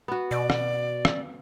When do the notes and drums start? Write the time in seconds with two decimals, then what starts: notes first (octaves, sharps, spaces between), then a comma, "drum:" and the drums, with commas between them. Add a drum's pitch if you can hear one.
0.08 B3 F#4
0.31 B2 D5
0.50 drum: rim click
1.05 drum: rim click